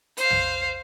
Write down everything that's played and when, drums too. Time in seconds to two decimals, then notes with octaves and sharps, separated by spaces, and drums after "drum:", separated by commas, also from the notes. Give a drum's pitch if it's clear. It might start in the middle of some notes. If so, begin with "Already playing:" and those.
0.17 C5 F5, drum: hi-hat
0.30 drum: tom